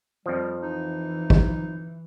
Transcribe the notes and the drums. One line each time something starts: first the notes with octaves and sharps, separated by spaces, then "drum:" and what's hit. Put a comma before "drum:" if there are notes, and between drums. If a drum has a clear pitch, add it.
F2 F3 G3
E3 D#4
drum: kick